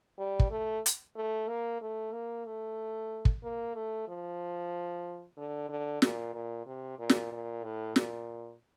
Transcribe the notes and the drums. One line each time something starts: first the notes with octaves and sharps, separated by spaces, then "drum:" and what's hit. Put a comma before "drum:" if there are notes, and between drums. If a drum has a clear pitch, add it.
G3
drum: kick
A3
drum: hi-hat
A3
A#3
A3
A#3
A3
drum: kick
A#3
A3
F3
D3
D3
A#2, drum: snare
A#2
C3
A#2
drum: snare
A#2
A2
A#2, drum: snare